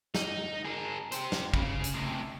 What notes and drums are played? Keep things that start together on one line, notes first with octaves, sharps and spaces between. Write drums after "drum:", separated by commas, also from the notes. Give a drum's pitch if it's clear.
D#4, drum: snare
G#4 A#4
G4 C5, drum: hi-hat
drum: snare
C#3, drum: kick
drum: hi-hat
A2 C3